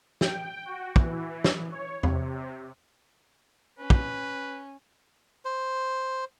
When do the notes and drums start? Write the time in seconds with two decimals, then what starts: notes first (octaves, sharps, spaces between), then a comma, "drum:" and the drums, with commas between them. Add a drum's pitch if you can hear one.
0.21 G5, drum: snare
0.65 F#4
0.96 E3, drum: kick
1.44 drum: snare
1.72 C#5
2.03 C3, drum: tom E2
3.79 C#4 B4
3.90 drum: kick
5.45 C5